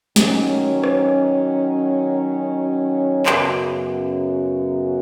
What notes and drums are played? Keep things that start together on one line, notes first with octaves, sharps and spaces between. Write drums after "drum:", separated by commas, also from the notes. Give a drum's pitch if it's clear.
D#3 F#3 C#4, drum: snare
drum: rim click
F#2 C#3 B3 F#4, drum: clap